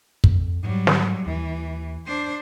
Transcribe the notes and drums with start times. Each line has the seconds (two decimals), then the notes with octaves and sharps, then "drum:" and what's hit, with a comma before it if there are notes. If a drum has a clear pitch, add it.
0.24 F2, drum: kick
0.63 G#2 F#3 G3
0.87 drum: snare
1.26 D#2 E3
2.06 D4 C5